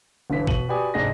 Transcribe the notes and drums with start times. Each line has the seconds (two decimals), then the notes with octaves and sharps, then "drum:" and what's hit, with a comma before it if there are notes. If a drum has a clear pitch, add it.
0.30 G1 D3 E3 B6
0.47 B2 D#7 F#7, drum: kick
0.69 F#4 G4 B4 D5 G#5 D#6
0.94 F1 G#2 D4 G#4 D#5 A#6